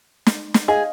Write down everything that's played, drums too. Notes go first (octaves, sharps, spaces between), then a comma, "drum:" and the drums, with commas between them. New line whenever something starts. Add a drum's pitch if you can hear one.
drum: snare
drum: snare
G#4 D#5 F5